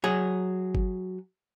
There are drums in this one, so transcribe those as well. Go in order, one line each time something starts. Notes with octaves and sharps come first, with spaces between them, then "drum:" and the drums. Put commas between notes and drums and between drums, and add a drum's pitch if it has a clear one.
F#3 G#4
drum: kick G1